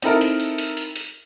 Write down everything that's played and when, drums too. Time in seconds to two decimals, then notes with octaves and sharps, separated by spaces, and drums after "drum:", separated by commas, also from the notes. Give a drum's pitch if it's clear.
0.02 C4 D#4 E4 A4 A#4, drum: hi-hat
0.21 drum: hi-hat
0.40 drum: hi-hat
0.58 drum: hi-hat
0.77 drum: hi-hat
0.96 drum: hi-hat